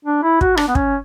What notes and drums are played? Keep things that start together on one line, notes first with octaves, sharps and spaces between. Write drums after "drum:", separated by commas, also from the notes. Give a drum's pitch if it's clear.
D4
E4
F#4, drum: kick
D4, drum: rim click
B3
C#4, drum: kick